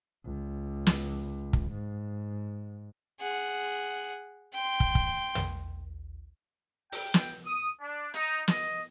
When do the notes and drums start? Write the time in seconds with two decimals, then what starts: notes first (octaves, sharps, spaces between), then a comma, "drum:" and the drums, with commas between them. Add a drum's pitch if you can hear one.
0.25 C#2
0.87 drum: snare
1.53 drum: kick
1.72 G#2
3.20 G#4 F#5
4.54 G5 C6
4.80 drum: kick
4.95 drum: kick
5.35 drum: tom
6.92 G5, drum: open hi-hat
7.14 drum: snare
7.45 D#6
7.81 D4
8.14 D#4, drum: hi-hat
8.48 D#5, drum: snare